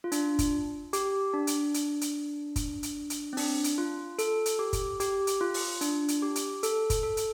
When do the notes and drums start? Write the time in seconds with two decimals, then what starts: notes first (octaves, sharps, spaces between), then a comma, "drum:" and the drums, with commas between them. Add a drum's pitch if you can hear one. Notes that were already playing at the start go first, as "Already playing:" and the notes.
0.04 F4
0.12 D4, drum: hi-hat
0.39 drum: kick, hi-hat
0.93 G4, drum: hi-hat
1.34 D4
1.47 drum: hi-hat
1.74 drum: hi-hat
2.01 drum: hi-hat
2.56 drum: kick, hi-hat
2.83 drum: hi-hat
3.10 drum: hi-hat
3.33 C4
3.37 D4, drum: open hi-hat
3.64 drum: hi-hat
3.78 F4
4.19 A4, drum: hi-hat
4.46 drum: hi-hat
4.59 G4
4.73 drum: kick, hi-hat
5.00 G4, drum: hi-hat
5.27 drum: hi-hat
5.41 F4
5.54 drum: open hi-hat
5.81 D4, drum: hi-hat
6.08 drum: hi-hat
6.22 G4
6.36 drum: hi-hat
6.63 A4, drum: hi-hat
6.90 drum: kick, hi-hat
7.03 A4
7.17 drum: hi-hat